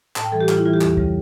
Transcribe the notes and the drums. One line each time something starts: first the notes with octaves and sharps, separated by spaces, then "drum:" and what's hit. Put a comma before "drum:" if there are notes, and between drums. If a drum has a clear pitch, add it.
A2 A5, drum: clap
G5
E3 G3 A4
G4
A2 F4, drum: clap
E4
E3 G3 F4
G4
E2, drum: clap
C#3 G3, drum: kick C2